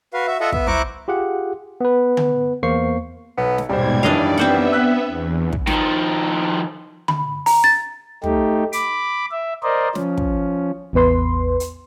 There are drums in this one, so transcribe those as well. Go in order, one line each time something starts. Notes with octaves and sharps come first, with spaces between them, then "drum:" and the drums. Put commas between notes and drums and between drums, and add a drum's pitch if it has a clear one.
F#4 B4 F5
F#4 E5
F4 A4 D#5 E5 F#5
B3 E5, drum: kick
E4 C5 A#5 C#6 D6 F#6, drum: tom
F4 G4 G#4 F#5
B3 B4
drum: tom D3
E2 A#3 C5 C#6 C7
B1 B3
drum: snare
D#1 G#2 B2 G3 C5 G#6
F#2 D#3 E3 D4 D5 D#5 F5
B3 C4 C5 E5 F#5
E6 F#6 B6
E2
drum: kick
D#3 F3, drum: snare
B5, drum: tom D3
A#5, drum: open hi-hat
A6
A3 D#4 G4, drum: tom
B5 D6, drum: hi-hat
E5
A#4 C5 D5 D#5
F3 C#4, drum: snare
drum: kick
A1 E2 B3 B4 C6
drum: hi-hat